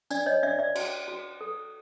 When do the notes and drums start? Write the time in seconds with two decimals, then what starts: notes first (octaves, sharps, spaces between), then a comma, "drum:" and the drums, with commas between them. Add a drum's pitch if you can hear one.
0.10 D4 D5, drum: tambourine
0.26 C#5 D#5
0.43 D4 D5 E5
0.59 D5 E5
0.75 F#4, drum: cymbal
1.08 F#4
1.41 A4